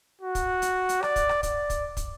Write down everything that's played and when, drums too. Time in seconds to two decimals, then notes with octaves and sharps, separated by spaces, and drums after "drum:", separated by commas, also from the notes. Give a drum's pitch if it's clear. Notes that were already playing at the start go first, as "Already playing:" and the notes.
0.21 F#4
0.35 drum: kick, hi-hat
0.62 drum: hi-hat
0.89 drum: hi-hat
1.03 D5, drum: rim click
1.16 drum: kick, hi-hat
1.29 drum: rim click
1.43 D5, drum: kick, hi-hat
1.70 drum: kick, hi-hat
1.97 drum: kick, hi-hat